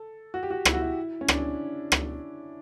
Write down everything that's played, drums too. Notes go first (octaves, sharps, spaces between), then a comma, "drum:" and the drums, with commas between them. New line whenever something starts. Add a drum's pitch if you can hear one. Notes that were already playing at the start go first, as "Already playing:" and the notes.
Already playing: A4
F#4
G4
F#4
E4, drum: rim click
F#4
E4
C#4
D4, drum: rim click
drum: rim click